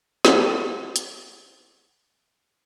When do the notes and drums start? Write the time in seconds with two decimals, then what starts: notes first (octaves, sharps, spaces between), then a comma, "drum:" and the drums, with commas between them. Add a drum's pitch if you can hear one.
0.25 F#4 A4 C5 C#5 D#5 G5, drum: snare
0.96 drum: hi-hat